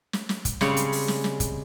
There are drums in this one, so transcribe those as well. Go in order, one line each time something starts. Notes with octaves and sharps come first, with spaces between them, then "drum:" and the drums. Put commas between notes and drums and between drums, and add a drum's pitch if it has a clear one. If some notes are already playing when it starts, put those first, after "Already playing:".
drum: snare
drum: snare
drum: kick, hi-hat
C#3 G3 G#3 C4 G#4 C#5, drum: snare
drum: hi-hat
drum: open hi-hat
drum: snare
drum: snare
drum: kick, hi-hat